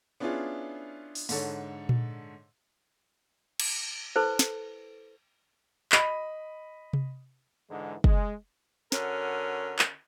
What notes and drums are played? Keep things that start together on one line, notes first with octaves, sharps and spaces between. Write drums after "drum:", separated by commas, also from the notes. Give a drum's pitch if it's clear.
B3 C#4 D4 E4 F4 G#4
drum: open hi-hat
G#2 D3 A4 C#5, drum: open hi-hat
drum: tom A#2
drum: cymbal
E4 A4 B4 C5
drum: snare
D#5 B5, drum: clap
drum: tom C3
G#2 D3 E3 G#3
G#3, drum: kick
D3 C#4 F#4 A#4, drum: snare
drum: clap